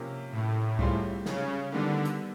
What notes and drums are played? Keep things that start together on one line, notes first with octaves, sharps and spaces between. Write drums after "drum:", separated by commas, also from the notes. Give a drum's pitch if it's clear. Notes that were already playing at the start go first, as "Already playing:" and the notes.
Already playing: C3 F3 A#3 C#4
A2
G3 C4 F4 G#4 C5, drum: kick C2
C#3, drum: snare
D3 D#3 G3 B3
drum: hi-hat